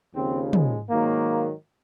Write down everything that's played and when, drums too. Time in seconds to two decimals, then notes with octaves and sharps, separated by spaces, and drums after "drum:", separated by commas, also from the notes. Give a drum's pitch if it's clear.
0.15 D#2 C#3 F3 C4
0.53 G#3, drum: tom
0.90 G#2 D#3 F#3 A#3